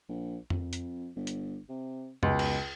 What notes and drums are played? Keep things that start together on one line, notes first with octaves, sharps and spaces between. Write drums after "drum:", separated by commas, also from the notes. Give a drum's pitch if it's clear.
A#1
F2, drum: tom F2
drum: hi-hat
G1
drum: hi-hat
C3
C#2 B2, drum: tom F2
drum: cymbal